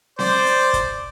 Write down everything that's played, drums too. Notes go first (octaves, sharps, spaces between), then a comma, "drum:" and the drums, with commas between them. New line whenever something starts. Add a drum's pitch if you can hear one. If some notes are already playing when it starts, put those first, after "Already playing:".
C5 D5, drum: snare C4
drum: hi-hat
drum: kick, hi-hat